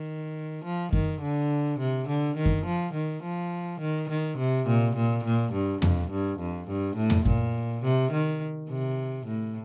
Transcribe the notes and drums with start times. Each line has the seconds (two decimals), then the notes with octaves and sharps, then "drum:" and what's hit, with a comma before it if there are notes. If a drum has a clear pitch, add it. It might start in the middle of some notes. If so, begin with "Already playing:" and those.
Already playing: D#3
0.65 F3
0.93 D#3, drum: kick F#2
1.22 D3
1.79 C3
2.08 D3
2.36 D#3
2.46 drum: kick F#2
2.66 F3
2.94 D#3
3.23 F3
3.80 D#3
4.09 D#3
4.38 C3
4.67 A#2
4.96 A#2
5.24 A#2
5.53 G2
5.82 F2, drum: tom
6.11 G2
6.39 F2
6.68 G2
6.96 A2
7.10 drum: tom
7.25 A#2, drum: kick F#2
7.83 C3
8.12 D#3
8.69 C3
9.26 A2